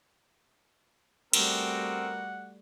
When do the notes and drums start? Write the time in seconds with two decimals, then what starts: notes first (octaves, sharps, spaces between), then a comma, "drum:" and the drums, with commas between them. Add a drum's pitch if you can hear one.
1.33 G3 A3 B3 C4 F#4 A#4 F#5, drum: cymbal